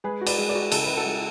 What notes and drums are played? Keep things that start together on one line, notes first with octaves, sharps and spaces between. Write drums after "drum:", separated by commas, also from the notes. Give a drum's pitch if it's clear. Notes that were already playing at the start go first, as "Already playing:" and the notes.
G#3 G#4 B4
F#4
B4 D5, drum: cymbal
G#3
B4 D5
F#4
C#3 A4, drum: cymbal
C#3 B4
F#4 A4
G#3